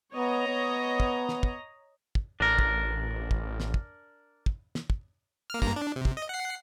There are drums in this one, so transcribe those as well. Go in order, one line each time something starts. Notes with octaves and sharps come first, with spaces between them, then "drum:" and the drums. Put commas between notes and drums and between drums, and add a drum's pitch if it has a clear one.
B3 C#5 D#5 A#5
B3
drum: kick
drum: snare
drum: kick
drum: kick
A1 D4 A#4
drum: kick
drum: kick
drum: snare
drum: kick
drum: kick
drum: snare
drum: kick
A#3 F6
G2 A#3 A#5, drum: kick
D4
C3
drum: kick
D#5
F#5 C7